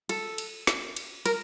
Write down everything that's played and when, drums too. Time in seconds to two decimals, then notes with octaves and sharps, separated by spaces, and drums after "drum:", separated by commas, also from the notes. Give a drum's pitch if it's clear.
0.09 A4, drum: cymbal
0.38 drum: cymbal
0.67 drum: snare
0.96 drum: cymbal
1.26 A#4, drum: cymbal